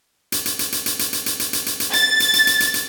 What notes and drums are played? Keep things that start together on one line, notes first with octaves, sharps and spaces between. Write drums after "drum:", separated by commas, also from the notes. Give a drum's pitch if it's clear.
drum: hi-hat
drum: hi-hat
drum: hi-hat
drum: hi-hat
drum: hi-hat
drum: hi-hat
drum: hi-hat
drum: hi-hat
drum: hi-hat
drum: hi-hat
drum: hi-hat
drum: hi-hat
A6, drum: hi-hat
drum: hi-hat
drum: hi-hat
drum: hi-hat
drum: hi-hat
drum: hi-hat